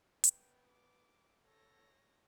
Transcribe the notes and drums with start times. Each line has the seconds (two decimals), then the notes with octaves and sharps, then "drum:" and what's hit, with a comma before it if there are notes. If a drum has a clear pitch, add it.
0.24 B3 G5, drum: hi-hat
0.70 D6
1.43 A4 C#5 A#6